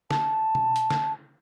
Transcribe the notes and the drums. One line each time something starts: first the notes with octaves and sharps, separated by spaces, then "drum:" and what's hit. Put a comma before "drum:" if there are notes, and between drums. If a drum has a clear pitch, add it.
A5, drum: snare
drum: tom B2
drum: hi-hat
drum: snare